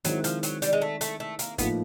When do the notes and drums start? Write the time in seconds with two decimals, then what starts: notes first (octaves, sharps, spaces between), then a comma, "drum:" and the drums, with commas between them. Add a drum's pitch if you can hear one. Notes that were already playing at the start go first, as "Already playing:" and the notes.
0.04 D#3 F#3 G#3 C4 E4, drum: hi-hat
0.24 F3, drum: hi-hat
0.43 F#3, drum: hi-hat
0.62 G3, drum: hi-hat
0.73 G#3
0.82 A3
1.01 A3, drum: hi-hat
1.20 A3
1.39 A#3, drum: hi-hat
1.58 A2 F3 A#3 B3 D#4, drum: kick, hi-hat